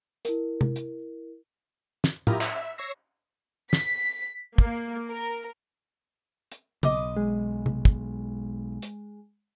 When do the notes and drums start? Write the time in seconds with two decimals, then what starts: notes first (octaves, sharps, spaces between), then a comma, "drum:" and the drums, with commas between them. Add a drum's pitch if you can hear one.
0.25 E4 A#4, drum: hi-hat
0.61 drum: tom C3
0.76 drum: hi-hat
2.04 drum: snare
2.27 E4 F4 G4 A#4 D#5 A#5, drum: tom A2
2.41 E5, drum: clap
2.78 C#5 C#6 E6 A#6 C7
3.73 B6, drum: snare
4.58 A#3, drum: kick
5.10 A#4
6.52 drum: hi-hat
6.83 B1 D#5 D6 D#6, drum: tom
7.17 G#3
7.66 drum: tom C3
7.85 drum: kick
8.82 drum: hi-hat